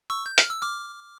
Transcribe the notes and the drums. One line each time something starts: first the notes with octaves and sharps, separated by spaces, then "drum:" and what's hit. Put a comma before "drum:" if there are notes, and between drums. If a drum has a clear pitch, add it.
C#6 E6
G6
F6, drum: hi-hat
E6
D6 F6